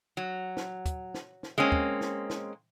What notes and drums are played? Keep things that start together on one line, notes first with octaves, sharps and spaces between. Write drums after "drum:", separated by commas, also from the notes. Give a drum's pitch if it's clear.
F#3
drum: snare
drum: kick, hi-hat
drum: snare
drum: snare
G#3 A#3 C4 C#4
drum: kick
drum: snare
drum: snare